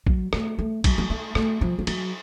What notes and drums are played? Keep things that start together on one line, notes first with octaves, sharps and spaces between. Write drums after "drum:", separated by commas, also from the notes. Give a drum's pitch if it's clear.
F#3, drum: kick
A3, drum: rim click
A3
F#3, drum: kick, cymbal
F#3
A3
A3, drum: rim click
F3
F3
F#3, drum: cymbal